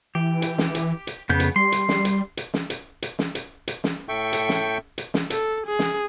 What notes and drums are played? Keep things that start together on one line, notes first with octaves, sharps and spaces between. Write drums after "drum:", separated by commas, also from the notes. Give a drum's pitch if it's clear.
E3 G4
drum: hi-hat
drum: snare
drum: hi-hat
drum: hi-hat
F2 C#3 B3 G6
drum: hi-hat
G3 C6
drum: hi-hat
drum: snare
drum: hi-hat
drum: hi-hat
drum: snare
drum: hi-hat
drum: hi-hat
drum: snare
drum: hi-hat
drum: hi-hat
drum: snare
A2 A4 E5 G5 C#6 G6
drum: hi-hat
drum: snare
drum: hi-hat
drum: snare
A4, drum: hi-hat
G#4
drum: snare